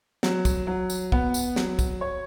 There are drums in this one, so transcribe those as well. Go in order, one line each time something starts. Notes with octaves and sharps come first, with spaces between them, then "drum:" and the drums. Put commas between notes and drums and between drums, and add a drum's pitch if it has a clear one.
F#3, drum: snare
drum: kick, tambourine
F#3
drum: tambourine
B3, drum: kick
drum: tambourine
F#3, drum: snare
drum: kick, tambourine
C#5